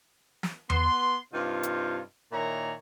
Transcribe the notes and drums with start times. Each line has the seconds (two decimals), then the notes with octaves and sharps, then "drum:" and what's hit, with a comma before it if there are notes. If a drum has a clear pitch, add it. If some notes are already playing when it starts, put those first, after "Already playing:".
0.43 drum: snare
0.70 B3 C6, drum: tom E2
1.33 G2 C3 D#4 F4
1.63 drum: hi-hat
2.32 A#2 D#3 E4 C#5 A#5